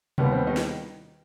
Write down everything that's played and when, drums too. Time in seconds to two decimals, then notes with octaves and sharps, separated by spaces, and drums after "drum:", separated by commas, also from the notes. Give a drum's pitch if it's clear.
0.18 D#2 D#3 G3 B3, drum: tom B2
0.32 C4
0.47 D#3 D#4
0.57 drum: snare